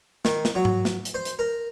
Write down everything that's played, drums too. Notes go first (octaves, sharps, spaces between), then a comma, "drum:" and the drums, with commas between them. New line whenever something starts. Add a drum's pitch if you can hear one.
D#3, drum: snare
drum: snare
F#3
drum: tom G#2
drum: snare
drum: hi-hat
C5
drum: hi-hat
A#4